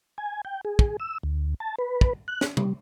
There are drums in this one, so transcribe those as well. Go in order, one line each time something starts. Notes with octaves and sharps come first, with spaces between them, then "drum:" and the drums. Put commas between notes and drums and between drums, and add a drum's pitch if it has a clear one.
G#5
G5
G#4
drum: kick
E6
D2
A5
B4
drum: kick
F#6
drum: snare
G3, drum: tom C3